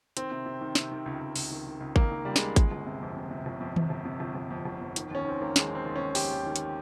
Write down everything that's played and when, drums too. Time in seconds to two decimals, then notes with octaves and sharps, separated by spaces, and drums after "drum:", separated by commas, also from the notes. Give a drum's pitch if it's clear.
0.17 D#3 C4, drum: hi-hat
0.32 C3
0.46 C3
0.61 D#3
0.75 C3, drum: snare
0.92 D#3
1.06 C#2
1.21 C#2
1.36 C#2, drum: open hi-hat
1.51 D#3
1.67 D#3
1.80 C#2
1.96 C#2 A#3, drum: kick G#1
2.11 D#3
2.25 C#2 G3
2.36 G#3, drum: snare
2.41 C#2
2.56 G1, drum: kick G#1, hi-hat
2.71 G1
2.86 C3
3.01 F2
3.16 C3
3.31 C3
3.46 G1
3.60 F2
3.76 C3, drum: tom D#3
3.90 G1
4.05 C3
4.20 G1
4.35 G1
4.50 F2
4.65 G1
4.81 F2
4.96 D#3, drum: hi-hat
5.11 D#2 C#4
5.26 D#3 C4
5.41 D#3 A#3
5.56 D#2 G#3, drum: snare
5.71 D#3 C4
5.86 D#2
5.95 D#3 C#4
6.15 D#3 G4, drum: open hi-hat
6.31 D#2
6.46 D#3
6.56 drum: hi-hat